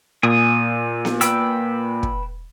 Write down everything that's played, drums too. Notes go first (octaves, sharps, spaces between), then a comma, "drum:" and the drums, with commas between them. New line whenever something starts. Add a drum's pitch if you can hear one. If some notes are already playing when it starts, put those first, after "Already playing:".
A#2 G#5 D#6
drum: snare B3
B4 G5 E6, drum: hi-hat
drum: kick